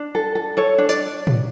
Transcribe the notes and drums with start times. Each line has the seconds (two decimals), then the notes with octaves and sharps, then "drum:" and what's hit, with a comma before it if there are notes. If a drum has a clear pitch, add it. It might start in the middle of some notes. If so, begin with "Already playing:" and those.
Already playing: D4
0.15 A4
0.35 A4
0.57 A4 C#5
0.78 D4
0.89 D5, drum: tambourine
1.27 drum: tom